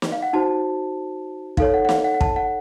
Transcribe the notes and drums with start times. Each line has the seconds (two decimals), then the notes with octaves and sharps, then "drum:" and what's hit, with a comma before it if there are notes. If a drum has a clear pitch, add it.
0.02 drum: snare
0.12 F5
0.22 F#5
0.33 D#4 F#4 C5 A5
1.57 D#4 A4 C#5 F5, drum: kick
1.74 F#5
1.85 F#5
1.89 F5, drum: snare
2.04 F#5
2.15 F#5
2.21 A5, drum: kick
2.36 F#5